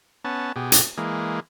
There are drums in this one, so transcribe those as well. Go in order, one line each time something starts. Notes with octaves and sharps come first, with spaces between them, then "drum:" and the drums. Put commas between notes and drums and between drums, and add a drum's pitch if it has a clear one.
B3 C#4 A5
B2 G4 G#4
drum: hi-hat
E3 G#3 A#3